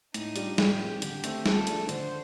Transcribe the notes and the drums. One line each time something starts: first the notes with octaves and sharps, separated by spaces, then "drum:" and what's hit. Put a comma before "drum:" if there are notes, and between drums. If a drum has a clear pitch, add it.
A2 D#4, drum: hi-hat
G3 D4 F4, drum: hi-hat
A2 G4, drum: snare
G3 C4
D3, drum: hi-hat
A3 C4, drum: hi-hat
F3 A4, drum: snare
A3 D4, drum: hi-hat
D3 C5, drum: hi-hat